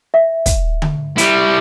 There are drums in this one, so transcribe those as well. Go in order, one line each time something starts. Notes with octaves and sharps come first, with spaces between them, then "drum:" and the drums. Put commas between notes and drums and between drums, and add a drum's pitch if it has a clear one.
E5
drum: kick, hi-hat
drum: tom D3
G3 E4, drum: hi-hat